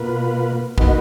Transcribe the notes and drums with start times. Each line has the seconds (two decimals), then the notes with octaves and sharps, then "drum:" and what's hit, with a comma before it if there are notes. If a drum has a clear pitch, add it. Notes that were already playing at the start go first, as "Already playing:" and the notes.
Already playing: B2 A#3 F4 B4
0.78 D#3 A#3 D#4 F#4 B4, drum: kick